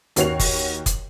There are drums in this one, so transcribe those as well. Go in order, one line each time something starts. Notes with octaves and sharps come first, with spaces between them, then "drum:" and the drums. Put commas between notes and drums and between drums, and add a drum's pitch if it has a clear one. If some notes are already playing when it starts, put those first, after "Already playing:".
D#2 F#4 C#5 C7 F7, drum: hi-hat
drum: kick F1, open hi-hat
drum: kick F1, hi-hat